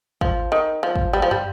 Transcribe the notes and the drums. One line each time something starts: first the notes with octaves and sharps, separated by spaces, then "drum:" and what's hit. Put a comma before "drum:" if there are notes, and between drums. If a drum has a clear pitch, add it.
F3, drum: kick
D#3
F3
drum: kick
G3
F3
G3, drum: tom